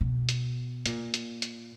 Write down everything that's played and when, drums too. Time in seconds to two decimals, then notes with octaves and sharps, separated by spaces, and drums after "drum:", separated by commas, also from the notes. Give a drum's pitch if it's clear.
0.01 B2
0.29 drum: hi-hat
0.86 A#2, drum: hi-hat
1.14 drum: hi-hat
1.42 drum: hi-hat